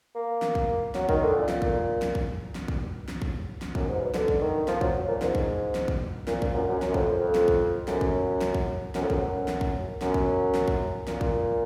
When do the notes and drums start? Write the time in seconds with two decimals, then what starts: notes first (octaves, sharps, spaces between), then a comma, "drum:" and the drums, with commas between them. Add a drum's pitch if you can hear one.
0.15 A#3
0.42 drum: snare
0.55 drum: kick
0.95 F#3, drum: snare
1.09 D#3, drum: kick
1.22 D3
1.36 A#2
1.48 drum: snare
1.62 drum: kick
2.02 drum: snare
2.15 drum: kick
2.55 drum: snare
2.68 drum: kick
3.08 drum: snare
3.22 drum: kick
3.62 drum: snare
3.75 F#2, drum: kick
3.88 G#2
4.01 B2
4.14 D3, drum: snare
4.28 drum: kick
4.41 D#3
4.68 F3, drum: snare
4.81 F#3, drum: kick
5.08 A#2
5.22 G#2, drum: snare
5.35 drum: kick
5.75 drum: snare
5.88 drum: kick
6.27 A#2, drum: snare
6.42 A#2, drum: kick
6.54 F#2
6.68 F#2
6.82 F#2, drum: snare
6.94 F2, drum: kick
7.20 F2
7.35 drum: snare
7.48 drum: kick
7.88 F#2, drum: snare
8.01 drum: kick
8.41 drum: snare
8.54 drum: kick
8.95 F#2, drum: snare
9.02 F2
9.10 F#2, drum: kick
9.48 drum: snare
9.61 drum: kick
10.01 F#2, drum: snare
10.14 drum: kick
10.54 drum: snare
10.68 drum: kick
11.07 A#2, drum: snare
11.21 drum: kick